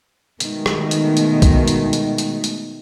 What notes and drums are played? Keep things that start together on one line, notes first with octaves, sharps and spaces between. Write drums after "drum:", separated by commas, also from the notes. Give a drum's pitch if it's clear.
B2 D#3 G#3 A3, drum: hi-hat
drum: rim click
drum: hi-hat
drum: hi-hat
drum: kick, hi-hat
drum: hi-hat
drum: hi-hat
drum: hi-hat
drum: hi-hat